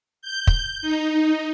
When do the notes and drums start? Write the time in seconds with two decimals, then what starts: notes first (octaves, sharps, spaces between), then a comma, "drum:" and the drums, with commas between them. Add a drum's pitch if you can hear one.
0.22 G6
0.47 drum: kick
0.82 D#4